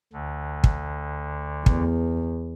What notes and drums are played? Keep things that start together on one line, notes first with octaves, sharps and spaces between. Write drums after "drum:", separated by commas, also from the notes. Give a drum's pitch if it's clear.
D2 D3
drum: kick
E2, drum: kick